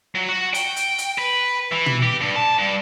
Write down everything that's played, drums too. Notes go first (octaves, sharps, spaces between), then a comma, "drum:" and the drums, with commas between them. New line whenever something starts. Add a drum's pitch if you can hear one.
F#3
F#4
G5, drum: hi-hat
drum: hi-hat
drum: hi-hat
B4
E3
drum: tom
G4
G2
A5
G2